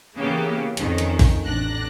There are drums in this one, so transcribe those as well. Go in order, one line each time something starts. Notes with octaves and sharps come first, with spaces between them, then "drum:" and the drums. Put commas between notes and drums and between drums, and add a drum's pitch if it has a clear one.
C#3 E3 A#3 B3 G4
F2 D#3 C#4, drum: hi-hat
drum: hi-hat
drum: kick, open hi-hat
A1 D4 F#6 A#6